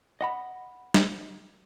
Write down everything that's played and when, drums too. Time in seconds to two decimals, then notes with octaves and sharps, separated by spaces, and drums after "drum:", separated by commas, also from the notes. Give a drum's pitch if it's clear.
0.21 D#5 F#5 B5
0.94 drum: snare